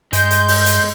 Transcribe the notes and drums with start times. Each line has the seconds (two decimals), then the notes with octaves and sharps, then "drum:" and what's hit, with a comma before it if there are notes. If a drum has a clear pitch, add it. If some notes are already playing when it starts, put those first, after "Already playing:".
0.13 G2 G#3 G6, drum: hi-hat
0.31 drum: hi-hat
0.48 drum: open hi-hat
0.66 drum: hi-hat